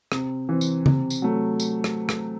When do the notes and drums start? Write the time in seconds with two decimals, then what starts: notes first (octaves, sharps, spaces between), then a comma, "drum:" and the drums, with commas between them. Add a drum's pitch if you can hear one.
0.12 C3, drum: rim click
0.49 E3 C4
0.61 drum: tambourine
0.86 C3, drum: tom C#3
1.10 drum: tambourine
1.22 F#3 A3
1.60 drum: tambourine
1.84 drum: rim click
2.09 drum: rim click